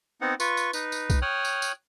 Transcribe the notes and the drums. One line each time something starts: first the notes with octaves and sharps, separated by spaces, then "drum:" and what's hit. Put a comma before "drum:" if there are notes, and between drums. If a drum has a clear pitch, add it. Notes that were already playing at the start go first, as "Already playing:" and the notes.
B3 C4 D#4 F#5
F4 B4 C#6, drum: tambourine
drum: tambourine
D#4 B4, drum: tambourine
drum: tambourine
drum: kick B1, tambourine
C#5 G5 D#6 F6 F#6
drum: tambourine
drum: tambourine